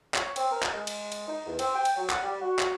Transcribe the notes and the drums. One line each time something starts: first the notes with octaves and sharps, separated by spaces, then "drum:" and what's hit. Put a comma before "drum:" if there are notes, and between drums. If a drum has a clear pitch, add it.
C#5, drum: clap
C4, drum: cymbal
A#4
drum: clap
G#3
drum: cymbal
drum: cymbal
D#4
E2
C4, drum: cymbal
G5
drum: cymbal
F#3
F#5, drum: clap
G3
F#4
drum: clap